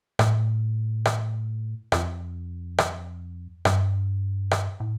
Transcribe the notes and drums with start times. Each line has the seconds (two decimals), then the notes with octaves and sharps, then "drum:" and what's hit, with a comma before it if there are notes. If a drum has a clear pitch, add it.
0.19 A2, drum: rim click
1.05 drum: rim click
1.92 F2, drum: rim click
2.78 drum: rim click
3.65 G2, drum: rim click
4.51 drum: rim click
4.80 A2